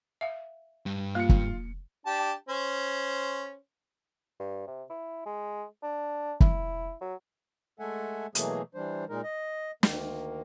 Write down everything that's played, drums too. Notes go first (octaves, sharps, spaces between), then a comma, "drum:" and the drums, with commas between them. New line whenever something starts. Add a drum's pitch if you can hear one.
E5 F5
G2
A#3 F4 C#7
drum: kick
D4 G4 A5
C#4 C5
G2
C3
E4
G#3
D4
E4, drum: kick
F#3
G#3 A3 A4 E5 F#5 G#5
B2 E3 F#3 A3 A#3 G#4, drum: hi-hat
E3 G3 D4 C5
A#2 G#3 D#4 A#4
D#5
D2 D#3 A#3, drum: snare